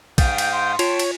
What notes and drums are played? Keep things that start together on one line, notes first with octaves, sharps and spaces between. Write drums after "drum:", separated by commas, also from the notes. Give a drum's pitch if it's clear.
G#2 F5 G5 D#6 A6, drum: kick, cymbal
drum: cymbal
C6
F4 C#5 G5 A5, drum: cymbal
drum: cymbal